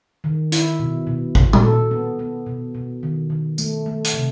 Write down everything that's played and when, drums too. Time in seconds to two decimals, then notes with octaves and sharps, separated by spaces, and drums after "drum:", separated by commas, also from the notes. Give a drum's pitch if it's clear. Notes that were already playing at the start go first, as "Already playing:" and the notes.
0.24 D#3
0.52 E4, drum: hi-hat
0.79 B2
1.07 B2
1.35 B2, drum: kick G#1
1.53 drum: tom
1.63 A4
1.91 B3
2.19 B3
2.46 B2
2.75 B2
3.03 D#3
3.30 D#3
3.58 A3, drum: tambourine
3.86 A3
4.04 drum: hi-hat
4.14 C3